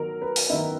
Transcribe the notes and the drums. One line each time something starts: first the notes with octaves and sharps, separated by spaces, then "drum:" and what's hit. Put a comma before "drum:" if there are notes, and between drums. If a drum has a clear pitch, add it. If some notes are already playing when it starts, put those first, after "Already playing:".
Already playing: D#3 F#3 B3 A#4
B4
drum: open hi-hat
D#3 F#3 B3 D#4 E5